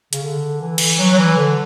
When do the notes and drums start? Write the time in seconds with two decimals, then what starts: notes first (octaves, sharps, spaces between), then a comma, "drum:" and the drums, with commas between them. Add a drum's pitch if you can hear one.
0.13 C#3, drum: hi-hat
0.23 D3
0.61 E3
0.78 drum: cymbal
0.99 F#3
1.13 F#3
1.18 E3
1.37 D3